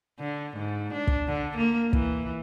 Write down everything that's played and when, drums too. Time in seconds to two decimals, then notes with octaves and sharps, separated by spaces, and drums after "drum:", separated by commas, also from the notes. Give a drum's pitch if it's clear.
0.19 D3
0.57 G#2
0.93 D4
1.07 drum: kick
1.28 D3
1.57 A#3
1.93 E3, drum: kick